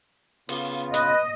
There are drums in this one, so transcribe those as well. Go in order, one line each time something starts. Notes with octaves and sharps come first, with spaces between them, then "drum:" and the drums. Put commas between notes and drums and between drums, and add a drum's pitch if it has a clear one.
C#3 B3 F4, drum: open hi-hat
B4 D#5, drum: hi-hat